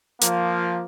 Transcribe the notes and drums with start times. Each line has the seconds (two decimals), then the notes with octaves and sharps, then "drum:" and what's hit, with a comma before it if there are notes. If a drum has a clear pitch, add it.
0.21 F3 A#3, drum: hi-hat